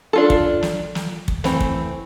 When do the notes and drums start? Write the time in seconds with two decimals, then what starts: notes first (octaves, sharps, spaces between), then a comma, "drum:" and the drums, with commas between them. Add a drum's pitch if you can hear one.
0.13 D4 F4 A4
0.30 drum: kick
0.63 drum: snare
0.95 drum: snare
1.28 drum: kick
1.44 E3 A3 C4, drum: snare
1.61 drum: kick